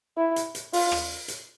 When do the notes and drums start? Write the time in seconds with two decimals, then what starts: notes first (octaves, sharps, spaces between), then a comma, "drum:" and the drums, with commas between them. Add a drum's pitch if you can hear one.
0.18 E4
0.36 drum: hi-hat
0.55 drum: hi-hat
0.73 F4, drum: open hi-hat
0.91 drum: rim click
1.28 drum: hi-hat